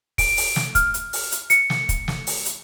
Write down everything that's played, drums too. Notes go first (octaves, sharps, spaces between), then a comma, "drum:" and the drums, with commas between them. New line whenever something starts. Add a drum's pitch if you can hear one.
D7, drum: kick, open hi-hat
drum: open hi-hat
drum: snare
F6, drum: kick, hi-hat
drum: hi-hat
drum: open hi-hat
drum: hi-hat
C#7, drum: hi-hat
drum: snare
drum: kick, hi-hat
drum: snare
drum: open hi-hat
drum: hi-hat